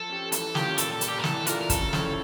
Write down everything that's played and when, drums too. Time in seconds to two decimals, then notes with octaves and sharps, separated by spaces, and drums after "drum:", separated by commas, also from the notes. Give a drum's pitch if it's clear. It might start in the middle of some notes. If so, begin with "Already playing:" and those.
Already playing: F3 A4
0.09 C#4 G4
0.32 E3 A4, drum: hi-hat
0.55 A#3 C#4 F4 G4, drum: snare
0.78 A#2 A4, drum: hi-hat
0.93 A4
1.01 G3 A#3, drum: hi-hat
1.08 G4
1.20 A#4
1.24 E3 A4, drum: snare
1.47 A3 D4 F4 A#4, drum: hi-hat
1.61 A#4
1.70 C#3 A4, drum: kick, hi-hat
1.93 F3 C#4 E4, drum: snare